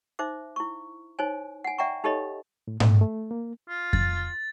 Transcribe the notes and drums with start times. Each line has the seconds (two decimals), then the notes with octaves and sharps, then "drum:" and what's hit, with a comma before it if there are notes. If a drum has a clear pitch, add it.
0.19 D#4 C5 E5 D6
0.56 E4 C#6
1.19 D#4 C5 C#5 G#5
1.64 F#5 G#5
1.78 D5 E5 F#5 G5 A#5 C#6
2.04 D#4 G4 A4 C#5 D#5 B5
2.68 A2
2.80 A3, drum: tom G#2
3.01 A3
3.31 A#3
3.69 F4
3.93 A6, drum: kick F2